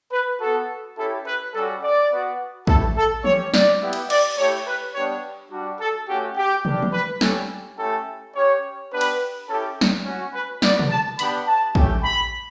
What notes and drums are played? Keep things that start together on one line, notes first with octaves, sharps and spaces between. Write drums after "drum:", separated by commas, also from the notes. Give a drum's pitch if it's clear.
B4
B3 F#4 A4
C#4 E4 G4 A4
B4
G3 C#4 F#4 A4
D5
B3 F#4
A3 E4 G4 A4, drum: kick
A4
C#4 G4 C#5, drum: tom
D5, drum: snare
B3 E4 G4
drum: cymbal
D5, drum: cymbal
A3 E4 G4 C#5
B4
G3 B3 D4 G4 C#5
G3 D4 F#4
A4
A3 C#4 F#4 G4
G4
G3 D4 G4, drum: tom
drum: tom
B4
G3 C#4 G4 A4, drum: snare
A3 C#4 E4 G4 A4
C#4 G4 C#5
B3 D4 G4 B4
drum: cymbal
C#4 E4 G4 A4
drum: snare
C#4 F#4
B4
B3 F#4 D5, drum: snare
drum: tom
A5
B3 D4 G4 B5, drum: hi-hat
A5
A3 C#4 G4, drum: kick
B5